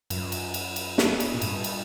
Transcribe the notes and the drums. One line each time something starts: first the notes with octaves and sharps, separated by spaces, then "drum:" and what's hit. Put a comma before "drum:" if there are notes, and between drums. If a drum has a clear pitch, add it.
F#2, drum: cymbal
drum: cymbal
drum: cymbal
drum: cymbal
drum: snare
drum: cymbal
A#2
G2, drum: cymbal
drum: cymbal